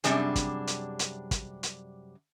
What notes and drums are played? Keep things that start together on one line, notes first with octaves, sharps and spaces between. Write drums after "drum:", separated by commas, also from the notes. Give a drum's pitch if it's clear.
F#2 C3 G3 D4 G#4, drum: hi-hat
drum: kick, hi-hat
drum: hi-hat
drum: hi-hat
drum: kick, hi-hat
drum: hi-hat